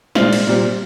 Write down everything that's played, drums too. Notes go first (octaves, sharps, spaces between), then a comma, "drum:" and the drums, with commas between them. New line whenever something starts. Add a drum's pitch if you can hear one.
A#2 G#3 C4 F4, drum: snare
drum: cymbal
A#2 G3 C4